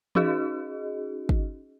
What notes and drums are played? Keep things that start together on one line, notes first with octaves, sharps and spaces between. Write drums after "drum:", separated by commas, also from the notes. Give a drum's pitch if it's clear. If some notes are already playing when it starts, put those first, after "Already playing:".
C#4 D#4 F#4 G#4 D#5, drum: tom E3
drum: kick